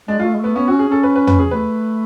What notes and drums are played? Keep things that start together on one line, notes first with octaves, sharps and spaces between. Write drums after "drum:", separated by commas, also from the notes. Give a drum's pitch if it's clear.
G#3 D4
G#3 A3 F4
G#3
A3 B3
B3 C#4
C#4 F#4
G#4
C#4 A4
B4
B4
B4, drum: tom
G#4
A3 B4